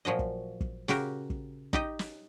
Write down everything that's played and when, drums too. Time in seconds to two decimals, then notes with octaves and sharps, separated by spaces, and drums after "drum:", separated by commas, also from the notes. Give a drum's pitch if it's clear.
0.05 A#2 F3 F#3 D#5
0.19 drum: kick
0.61 drum: kick
0.88 C#3 F#4 G4 A#4, drum: snare
1.30 drum: kick
1.73 D#4 G4 D#5, drum: kick
1.99 drum: snare